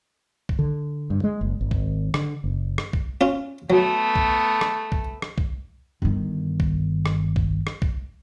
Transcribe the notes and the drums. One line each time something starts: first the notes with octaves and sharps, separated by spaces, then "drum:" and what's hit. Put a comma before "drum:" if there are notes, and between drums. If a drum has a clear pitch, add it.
drum: kick
D3
G2
G#3
F#1
G#1
drum: kick
D3, drum: rim click
F#1
drum: rim click
drum: kick
C#4 F4
F#3 A3 B3
drum: kick
drum: rim click
drum: kick
drum: rim click
drum: kick
G1 D#3
drum: kick
drum: rim click
drum: kick
drum: rim click
drum: kick